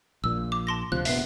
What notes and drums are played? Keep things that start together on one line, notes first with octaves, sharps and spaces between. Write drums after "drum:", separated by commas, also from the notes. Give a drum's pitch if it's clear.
A#1 A#2 E6
D6
A5 C6 A#6
D2 C3 F3 F#6
F1 A#1 B3 E5 C7, drum: open hi-hat